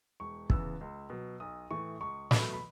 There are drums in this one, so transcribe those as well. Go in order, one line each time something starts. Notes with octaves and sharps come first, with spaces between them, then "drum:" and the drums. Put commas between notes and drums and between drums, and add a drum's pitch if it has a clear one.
E1 C#6
E2 C#3 E3 B3 E6, drum: kick
C#2
B2 F#3
B1 D#6
A2 E3 A3 C#6
C#2 C#6
B2 F#3 A3 B5, drum: snare
B5